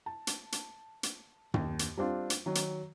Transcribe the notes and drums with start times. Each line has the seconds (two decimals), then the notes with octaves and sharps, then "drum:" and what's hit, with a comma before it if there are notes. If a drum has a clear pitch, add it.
0.06 A5
0.27 drum: hi-hat
0.52 drum: hi-hat
1.03 drum: hi-hat
1.54 D#2, drum: tom
1.79 drum: hi-hat
1.98 G3 C4 D4 F4
2.30 drum: hi-hat
2.46 D#3 F#3
2.55 drum: hi-hat